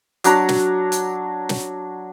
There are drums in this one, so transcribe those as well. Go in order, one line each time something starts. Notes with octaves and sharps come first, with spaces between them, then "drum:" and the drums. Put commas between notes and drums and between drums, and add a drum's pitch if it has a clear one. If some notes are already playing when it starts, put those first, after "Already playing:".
F#3 D4 A#5, drum: hi-hat
drum: snare
drum: hi-hat
drum: snare